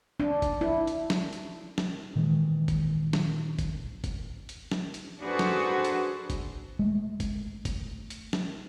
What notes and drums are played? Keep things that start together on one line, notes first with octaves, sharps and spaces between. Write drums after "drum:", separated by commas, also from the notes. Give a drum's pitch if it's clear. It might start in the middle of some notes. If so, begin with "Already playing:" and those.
D4
drum: kick, hi-hat
E4
drum: hi-hat
drum: snare
drum: hi-hat
drum: snare
A#2 D#3 E3 G#3
drum: kick, hi-hat
drum: snare
drum: kick, hi-hat
drum: kick, hi-hat
drum: hi-hat
drum: snare
drum: hi-hat
D4 F#4 G#4 A4 B4 C5
drum: snare
drum: hi-hat
drum: kick, hi-hat
G#3 A3
drum: kick, hi-hat
drum: kick, hi-hat
drum: hi-hat
drum: snare